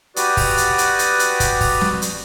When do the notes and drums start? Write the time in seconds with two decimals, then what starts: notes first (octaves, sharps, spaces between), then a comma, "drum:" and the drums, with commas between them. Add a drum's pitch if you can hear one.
0.16 F#4 G4 B4 D5 D#6, drum: hi-hat
0.37 drum: kick, open hi-hat
0.58 drum: hi-hat
0.78 drum: hi-hat
0.99 drum: hi-hat
1.19 drum: hi-hat
1.40 drum: kick, hi-hat
1.61 drum: kick, open hi-hat
1.81 drum: snare
2.02 drum: hi-hat